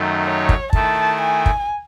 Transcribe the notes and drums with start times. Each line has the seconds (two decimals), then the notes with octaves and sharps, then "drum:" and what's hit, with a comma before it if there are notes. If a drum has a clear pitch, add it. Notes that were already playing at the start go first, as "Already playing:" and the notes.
Already playing: F#2 D#3 A3 D#4
0.25 C#5
0.49 drum: kick
0.73 D#3 A3 E4 A5, drum: kick
1.22 G#5
1.46 drum: kick